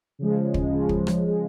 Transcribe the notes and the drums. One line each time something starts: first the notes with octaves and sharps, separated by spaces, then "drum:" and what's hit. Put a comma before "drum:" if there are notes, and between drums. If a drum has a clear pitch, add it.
C#3 F3 G#3
drum: kick
C#3 F3 G#3
drum: kick
drum: rim click
C#3 F3 G#3